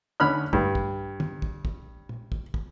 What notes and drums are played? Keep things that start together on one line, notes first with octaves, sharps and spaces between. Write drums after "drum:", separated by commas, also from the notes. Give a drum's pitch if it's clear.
D3 C#4 C#5 B5 F6 F#6
G2, drum: kick
drum: kick
drum: tom
drum: kick
drum: kick
drum: tom
drum: kick
drum: kick